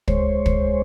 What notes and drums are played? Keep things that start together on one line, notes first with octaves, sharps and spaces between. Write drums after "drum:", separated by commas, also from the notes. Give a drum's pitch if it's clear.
G#3 C5 C#5, drum: kick
drum: kick